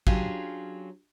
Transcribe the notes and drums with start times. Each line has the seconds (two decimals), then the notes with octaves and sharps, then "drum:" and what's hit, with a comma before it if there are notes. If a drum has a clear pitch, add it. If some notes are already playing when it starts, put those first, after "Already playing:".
0.07 F#3 C#4 D4 F4 G4 G#4, drum: kick A1